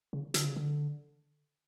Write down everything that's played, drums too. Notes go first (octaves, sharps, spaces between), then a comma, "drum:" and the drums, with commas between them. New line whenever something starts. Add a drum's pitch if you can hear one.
C#3
D3, drum: hi-hat
C#3
D3